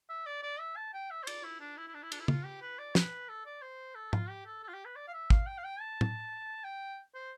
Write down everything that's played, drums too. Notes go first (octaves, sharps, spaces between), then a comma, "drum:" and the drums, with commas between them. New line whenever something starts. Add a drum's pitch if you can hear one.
E5
D5
D5
E5
A5
G5
E5
C5
D5, drum: cymbal
E4
D4
E4
E4
D4
E4
D4, drum: cymbal
E4
F4, drum: tom
G4
B4
D5
B4, drum: snare
A4
D5
C5
A4
F4, drum: tom G#2
G4
A4
A4
F4
G4
B4
D5
F5
E5
F5, drum: kick
G5
F5
G5
A5
drum: tom
G5
C5